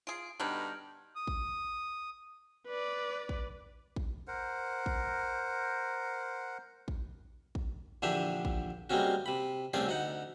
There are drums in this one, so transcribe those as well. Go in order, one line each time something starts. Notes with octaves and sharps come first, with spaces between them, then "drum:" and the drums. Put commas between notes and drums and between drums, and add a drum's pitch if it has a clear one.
F4 G#4 D7
G2 B2 D3 D#4 F6 F#7
D#6
drum: kick A1
B4 D5
drum: kick A1
drum: kick A1
A#4 C5 F#5
drum: kick A1
drum: kick A1
drum: kick A1
A#1 D3 E3 D4 G4 E5
drum: kick A1
G3 G#3 A#3 C4 C#4 F#4
C3 B5
C2 A3 C4 C#4 G#4 D5
D2 D#4 F#5